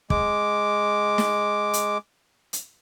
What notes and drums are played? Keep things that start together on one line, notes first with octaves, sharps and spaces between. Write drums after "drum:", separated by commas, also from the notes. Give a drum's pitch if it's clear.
G#3 D6, drum: kick
drum: snare
drum: hi-hat
drum: hi-hat